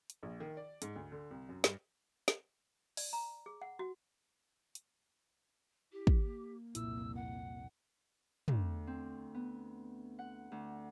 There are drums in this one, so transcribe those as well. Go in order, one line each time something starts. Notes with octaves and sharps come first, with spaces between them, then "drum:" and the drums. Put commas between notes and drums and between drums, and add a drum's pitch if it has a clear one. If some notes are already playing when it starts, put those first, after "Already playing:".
drum: hi-hat
A#1
D#3
D5
G#2, drum: hi-hat
D2
D3
C2
F#2
G2, drum: snare
drum: snare
D5, drum: open hi-hat
A#5
G#4
F#5
F#4
drum: hi-hat
E4 G4
drum: kick
A#3
C2 F2 A#2 E4 E6, drum: hi-hat
F#5
D2, drum: tom
C4
B3
F#5
D2